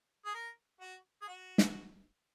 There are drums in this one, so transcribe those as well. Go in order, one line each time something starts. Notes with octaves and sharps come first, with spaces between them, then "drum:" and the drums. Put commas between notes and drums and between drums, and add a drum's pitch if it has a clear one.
G#4
A#4
F#4
G#4
F#4
drum: snare